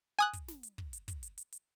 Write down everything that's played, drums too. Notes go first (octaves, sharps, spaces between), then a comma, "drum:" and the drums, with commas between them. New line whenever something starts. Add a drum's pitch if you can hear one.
G#5 D#6 F#6
drum: kick, hi-hat
drum: snare
drum: hi-hat
drum: kick
drum: hi-hat
drum: kick, hi-hat
drum: hi-hat
drum: hi-hat
drum: hi-hat